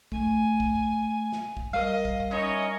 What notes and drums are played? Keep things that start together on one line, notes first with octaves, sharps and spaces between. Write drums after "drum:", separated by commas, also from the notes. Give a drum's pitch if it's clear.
A3 G#5, drum: kick
drum: kick
drum: snare
drum: kick
G3 A#4 D#5 F5
drum: kick
C#4 D#4 E4 C#5 D#5